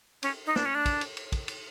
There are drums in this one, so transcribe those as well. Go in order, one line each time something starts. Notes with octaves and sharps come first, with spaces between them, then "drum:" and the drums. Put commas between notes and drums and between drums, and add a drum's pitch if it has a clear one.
C#4, drum: cymbal
D#4
D4, drum: snare
C#4
D4
drum: kick, cymbal
drum: cymbal
drum: cymbal
drum: kick, cymbal
drum: cymbal